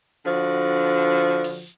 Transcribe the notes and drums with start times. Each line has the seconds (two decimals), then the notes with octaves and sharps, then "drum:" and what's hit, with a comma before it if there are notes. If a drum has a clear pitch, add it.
0.25 D3 F3 F#4
1.44 drum: open hi-hat